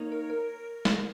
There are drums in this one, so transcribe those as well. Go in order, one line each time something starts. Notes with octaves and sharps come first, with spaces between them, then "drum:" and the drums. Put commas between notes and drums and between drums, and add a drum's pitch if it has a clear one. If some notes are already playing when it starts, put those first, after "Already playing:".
Already playing: A#3 D#4 C#5
A#4
A#4
drum: snare